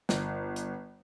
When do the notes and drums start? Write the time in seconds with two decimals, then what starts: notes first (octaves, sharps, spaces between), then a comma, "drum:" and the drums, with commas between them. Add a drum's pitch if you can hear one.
0.09 G1, drum: snare
0.56 drum: hi-hat